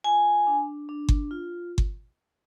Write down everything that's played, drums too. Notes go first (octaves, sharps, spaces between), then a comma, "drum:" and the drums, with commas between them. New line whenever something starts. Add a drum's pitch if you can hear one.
F4 G#5
D4
D4
drum: kick G1
F4
drum: kick G1